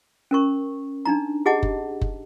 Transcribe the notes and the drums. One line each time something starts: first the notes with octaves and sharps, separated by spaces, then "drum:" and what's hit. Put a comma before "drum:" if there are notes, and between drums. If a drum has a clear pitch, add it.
C#4 A#4 C#6
D4 D#4 A#5
G4 G#4 D#5 F#5 A5
drum: kick F#1
drum: kick F#1